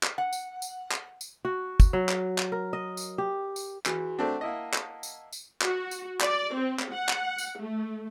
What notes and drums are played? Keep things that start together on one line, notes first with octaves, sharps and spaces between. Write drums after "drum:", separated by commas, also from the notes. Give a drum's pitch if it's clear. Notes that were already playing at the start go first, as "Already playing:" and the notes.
drum: clap
F#5
drum: tambourine
drum: tambourine
drum: clap
drum: tambourine
F#4
drum: kick, tambourine
F#3
drum: clap
drum: clap
A#4
D#5
drum: tambourine
G4
drum: tambourine
E3 F#4 G#4, drum: clap
A3 C4 D4 F#5 A5
A#3 E4 D#5
drum: clap
drum: tambourine
drum: tambourine
F#4, drum: clap
drum: tambourine
D5, drum: clap
C4
drum: clap
F#5
drum: clap
drum: tambourine
A3